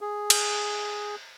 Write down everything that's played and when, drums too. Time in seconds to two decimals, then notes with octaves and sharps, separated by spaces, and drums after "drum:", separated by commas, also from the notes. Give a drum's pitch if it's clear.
0.01 G#4
0.30 drum: cymbal